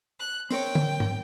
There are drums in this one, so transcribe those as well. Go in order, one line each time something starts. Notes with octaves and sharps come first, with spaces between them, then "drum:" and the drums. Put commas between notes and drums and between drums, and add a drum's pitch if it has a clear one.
F#6
C4 A#4 C#5 G5, drum: open hi-hat
drum: tom
drum: tom G#2